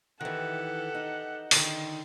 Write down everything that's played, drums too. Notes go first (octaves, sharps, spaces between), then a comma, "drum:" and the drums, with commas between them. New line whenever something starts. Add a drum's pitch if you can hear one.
D#3 E3 G4 A4 F#5
D#4
D3 D#3 D#4, drum: open hi-hat